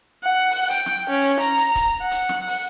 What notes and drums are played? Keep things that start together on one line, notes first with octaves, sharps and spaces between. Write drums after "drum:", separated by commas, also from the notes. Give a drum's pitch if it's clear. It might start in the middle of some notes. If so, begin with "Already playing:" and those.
F#5
drum: open hi-hat
G5, drum: hi-hat
drum: snare
C#4
drum: hi-hat
A#5, drum: hi-hat
drum: hi-hat
drum: kick C#1, hi-hat
F#5
drum: hi-hat
drum: snare
drum: open hi-hat